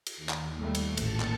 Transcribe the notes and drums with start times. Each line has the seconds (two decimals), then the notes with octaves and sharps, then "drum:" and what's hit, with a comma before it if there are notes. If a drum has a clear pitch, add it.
0.07 drum: cymbal
0.17 D#2
0.29 drum: clap
0.56 G3 A3
0.75 drum: cymbal
0.97 A1 A#2 A5 C#7, drum: cymbal
1.20 drum: clap